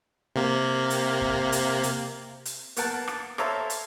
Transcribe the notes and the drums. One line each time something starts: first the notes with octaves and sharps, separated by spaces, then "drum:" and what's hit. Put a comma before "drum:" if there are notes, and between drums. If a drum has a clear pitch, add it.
C3 A#3
drum: hi-hat
drum: kick
drum: hi-hat
drum: hi-hat
drum: hi-hat
A#3 B3 A#4 F#5 G5 A5, drum: hi-hat
drum: rim click
A4 C5 C#5 E5 F5 A#5, drum: rim click
drum: hi-hat